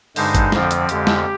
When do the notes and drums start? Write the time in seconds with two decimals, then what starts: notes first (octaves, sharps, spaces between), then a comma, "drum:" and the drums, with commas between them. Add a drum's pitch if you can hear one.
0.16 G2 D3 G#3 D#4 C5, drum: open hi-hat
0.35 drum: kick, hi-hat
0.52 F2 D3 F3 C4, drum: snare
0.71 drum: hi-hat
0.89 F2 D3 G#3 G4, drum: hi-hat
1.07 drum: snare